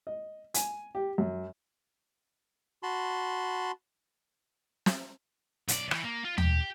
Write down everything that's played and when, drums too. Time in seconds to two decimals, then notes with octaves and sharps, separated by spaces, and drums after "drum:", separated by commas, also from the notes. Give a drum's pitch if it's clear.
0.07 D#5
0.54 G#5, drum: hi-hat
0.95 G4
1.18 F#2
2.83 F#4 A5 B5 C6
4.86 drum: snare
5.68 B1 D5, drum: hi-hat
5.91 E3, drum: rim click
6.05 A#3
6.25 F4
6.38 G4, drum: tom D#2